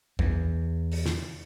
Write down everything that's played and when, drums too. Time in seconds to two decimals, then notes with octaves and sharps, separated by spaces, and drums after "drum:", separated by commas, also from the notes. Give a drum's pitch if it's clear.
0.19 E2, drum: kick A#1
0.92 drum: open hi-hat
1.06 drum: snare